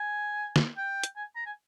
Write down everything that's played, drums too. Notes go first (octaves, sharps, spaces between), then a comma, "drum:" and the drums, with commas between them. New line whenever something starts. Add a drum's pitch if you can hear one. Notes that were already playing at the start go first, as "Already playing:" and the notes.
Already playing: G#5
drum: snare
G5
drum: hi-hat
G#5
A#5
G#5